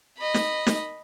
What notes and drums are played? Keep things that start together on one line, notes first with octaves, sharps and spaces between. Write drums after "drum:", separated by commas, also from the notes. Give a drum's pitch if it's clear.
D#5 B5
drum: snare
drum: snare